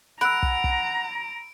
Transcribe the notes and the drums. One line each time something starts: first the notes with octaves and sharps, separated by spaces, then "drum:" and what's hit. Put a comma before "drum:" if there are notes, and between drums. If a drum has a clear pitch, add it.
F#5 A#5 B5 E6 D7
drum: kick
drum: kick